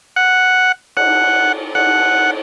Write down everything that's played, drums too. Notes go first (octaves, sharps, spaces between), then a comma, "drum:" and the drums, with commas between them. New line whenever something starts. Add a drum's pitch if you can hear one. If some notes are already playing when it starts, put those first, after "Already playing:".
F#5
F#5, drum: cymbal
F#5, drum: cymbal